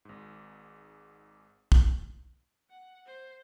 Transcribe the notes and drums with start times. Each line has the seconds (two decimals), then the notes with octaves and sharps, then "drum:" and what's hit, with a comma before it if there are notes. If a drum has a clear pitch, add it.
0.05 G#1 G#2
1.72 drum: kick
2.70 F#5
3.06 C5